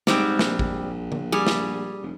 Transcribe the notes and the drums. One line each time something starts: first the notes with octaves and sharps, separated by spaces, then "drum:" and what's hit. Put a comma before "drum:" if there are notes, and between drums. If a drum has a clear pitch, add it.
G#2 G3 G#3 C4, drum: snare
A#1, drum: snare
drum: kick A1
drum: tom D3
G3 G#4
drum: snare
F1